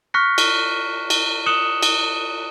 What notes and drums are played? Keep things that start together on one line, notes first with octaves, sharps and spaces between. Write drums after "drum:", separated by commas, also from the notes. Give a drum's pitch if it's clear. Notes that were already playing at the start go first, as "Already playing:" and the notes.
C#6 F6 F#6 A#6 B6 C#7
drum: cymbal
drum: cymbal
D#6 F#6 C#7 E7 F#7 G7
drum: cymbal